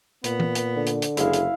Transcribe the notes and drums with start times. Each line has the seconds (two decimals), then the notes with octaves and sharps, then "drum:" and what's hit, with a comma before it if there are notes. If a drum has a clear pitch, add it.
0.24 A#2 B3, drum: hi-hat
0.40 drum: tom E3
0.55 drum: hi-hat
0.77 D3
0.86 drum: hi-hat
1.02 drum: hi-hat
1.17 F#1 G#3 E4 F5, drum: hi-hat
1.33 drum: hi-hat